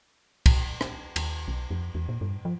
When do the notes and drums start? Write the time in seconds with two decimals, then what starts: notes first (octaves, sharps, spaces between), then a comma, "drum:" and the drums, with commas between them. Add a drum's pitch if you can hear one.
0.46 drum: kick C2, cymbal
0.81 drum: rim click
1.16 D#2, drum: cymbal
1.48 B1
1.70 F2
1.95 E2
2.09 A#2
2.21 G2
2.45 F3